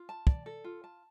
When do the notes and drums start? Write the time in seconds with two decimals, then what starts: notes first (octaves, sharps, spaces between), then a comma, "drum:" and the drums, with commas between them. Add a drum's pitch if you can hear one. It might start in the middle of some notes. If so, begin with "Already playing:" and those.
Already playing: F4
0.09 A5
0.27 D5, drum: kick
0.46 A4
0.64 F4
0.84 A5